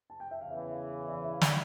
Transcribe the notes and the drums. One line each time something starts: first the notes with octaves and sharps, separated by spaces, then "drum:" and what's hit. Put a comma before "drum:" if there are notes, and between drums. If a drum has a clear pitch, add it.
A5
G5
E5
E2 C#3 E3 F5
E5
D5
E5
F5
D5, drum: snare